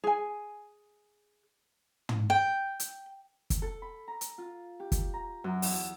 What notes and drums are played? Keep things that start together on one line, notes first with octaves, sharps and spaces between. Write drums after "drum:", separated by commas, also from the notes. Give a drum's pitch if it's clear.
G#4 G#5
drum: tom
G5
drum: hi-hat
drum: kick, hi-hat
A4
B5
A#5
drum: hi-hat
F4
G4
drum: kick, hi-hat
A#5
F#2
E2, drum: open hi-hat